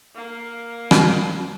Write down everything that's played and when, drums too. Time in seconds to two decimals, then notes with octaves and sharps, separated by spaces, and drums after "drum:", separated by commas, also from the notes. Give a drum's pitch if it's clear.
0.15 A#3
0.91 drum: rim click